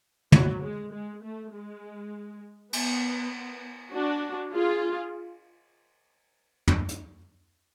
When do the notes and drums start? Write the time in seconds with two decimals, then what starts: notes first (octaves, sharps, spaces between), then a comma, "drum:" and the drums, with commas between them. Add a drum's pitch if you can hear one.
0.32 F#3, drum: tom
0.63 G#3
0.93 G#3
1.23 A3
1.53 G#3
2.73 B3, drum: cymbal
3.93 D4 F#4
4.53 F4 G#4
6.68 drum: tom
6.89 drum: hi-hat